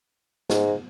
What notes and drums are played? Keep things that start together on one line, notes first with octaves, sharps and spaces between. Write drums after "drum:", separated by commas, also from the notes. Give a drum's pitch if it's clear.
G#2, drum: snare